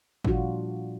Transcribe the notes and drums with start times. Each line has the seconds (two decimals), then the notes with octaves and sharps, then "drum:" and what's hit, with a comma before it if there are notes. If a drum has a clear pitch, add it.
0.25 A#2 F3 G3 D4 F4 F#4, drum: kick G#1